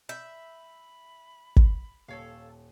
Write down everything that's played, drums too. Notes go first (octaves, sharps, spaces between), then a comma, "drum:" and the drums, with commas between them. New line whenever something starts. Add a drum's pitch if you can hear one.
E5 B5 G6
drum: kick
D#1 A4 C#5 F5